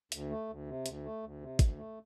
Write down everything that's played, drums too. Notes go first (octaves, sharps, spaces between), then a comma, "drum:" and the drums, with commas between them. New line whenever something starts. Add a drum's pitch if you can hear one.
D2, drum: hi-hat
A3
D2
C3
D2, drum: hi-hat
A3
D2
C3
D2, drum: kick, hi-hat
A3